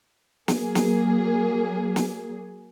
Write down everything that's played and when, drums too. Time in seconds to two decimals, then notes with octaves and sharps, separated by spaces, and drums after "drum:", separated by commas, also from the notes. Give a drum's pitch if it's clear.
0.48 F#3 A#3 G#4, drum: snare
0.75 drum: snare
1.96 drum: snare